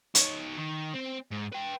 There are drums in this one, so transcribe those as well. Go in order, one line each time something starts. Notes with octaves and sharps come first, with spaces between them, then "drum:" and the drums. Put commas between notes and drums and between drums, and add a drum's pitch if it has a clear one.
D#4 C#5, drum: hi-hat
D#3
C4
G#2
B4 G5